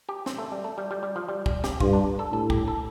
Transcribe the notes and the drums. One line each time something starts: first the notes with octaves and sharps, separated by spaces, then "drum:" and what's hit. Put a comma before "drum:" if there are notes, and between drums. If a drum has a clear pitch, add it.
G4
C4, drum: snare
A3
G3
A3
G3
G3
G3
F3
G3
G3, drum: kick
G4, drum: snare
G2 F4, drum: kick
D4
A4
A2 A4
G4, drum: kick
A4